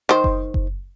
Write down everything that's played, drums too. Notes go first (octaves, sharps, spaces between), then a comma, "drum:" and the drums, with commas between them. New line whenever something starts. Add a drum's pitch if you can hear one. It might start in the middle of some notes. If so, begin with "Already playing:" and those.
D#3 C5
drum: kick F#1
drum: kick F#1